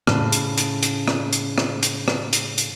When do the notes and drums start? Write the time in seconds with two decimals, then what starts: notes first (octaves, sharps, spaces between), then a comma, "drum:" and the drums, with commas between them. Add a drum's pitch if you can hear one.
0.07 A2 C#3, drum: rim click
0.32 drum: hi-hat
0.57 drum: hi-hat
0.83 drum: hi-hat
1.08 drum: rim click
1.33 drum: hi-hat
1.58 drum: rim click
1.83 drum: hi-hat
2.08 drum: rim click
2.33 drum: hi-hat
2.58 drum: hi-hat